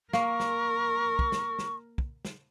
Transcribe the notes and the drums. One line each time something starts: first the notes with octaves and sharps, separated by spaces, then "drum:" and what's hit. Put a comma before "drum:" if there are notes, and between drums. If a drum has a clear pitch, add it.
A#3 A#4 C#6, drum: snare
drum: snare
drum: kick
drum: snare
drum: snare
drum: kick
drum: snare